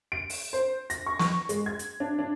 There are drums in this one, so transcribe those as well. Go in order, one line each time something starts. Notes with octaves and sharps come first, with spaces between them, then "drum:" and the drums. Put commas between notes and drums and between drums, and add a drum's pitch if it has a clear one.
D7
drum: open hi-hat
C5
A#6, drum: hi-hat
C#6
C#6, drum: snare
G#3, drum: hi-hat
G#6
drum: hi-hat
D4
D4